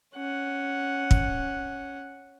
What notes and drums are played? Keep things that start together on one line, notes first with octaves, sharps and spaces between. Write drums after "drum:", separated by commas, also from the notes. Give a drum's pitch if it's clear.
C#4 F#5
drum: kick